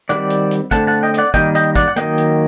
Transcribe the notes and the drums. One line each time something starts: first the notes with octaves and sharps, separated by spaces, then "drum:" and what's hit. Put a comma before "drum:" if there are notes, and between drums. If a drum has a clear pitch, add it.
D#3 G3 C4 D5 F#5, drum: hi-hat
drum: hi-hat
drum: hi-hat
D3 A3 C4 F#5 A5, drum: kick, hi-hat
F#5 A5
D#5 G5
D#5, drum: hi-hat
D5 F#5
D#3 G3 A#3 D#5 G5, drum: kick, hi-hat
D#5 G5, drum: hi-hat
D5 F#5, drum: kick, hi-hat
F#5
D#3 F#3 A#3 D#5 G5, drum: hi-hat
drum: hi-hat